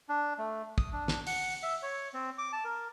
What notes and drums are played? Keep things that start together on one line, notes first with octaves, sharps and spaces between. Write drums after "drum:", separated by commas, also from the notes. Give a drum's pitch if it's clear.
D4
A3
D#6, drum: kick
D4
drum: snare
F#5, drum: open hi-hat
E5
C#5
C4
D6
A5
A#4